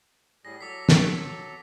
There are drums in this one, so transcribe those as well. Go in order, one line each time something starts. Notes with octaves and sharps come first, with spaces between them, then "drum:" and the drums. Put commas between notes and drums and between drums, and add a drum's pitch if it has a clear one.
A2 G3 G#4 A#6
F#3 A4 D6 B6
drum: snare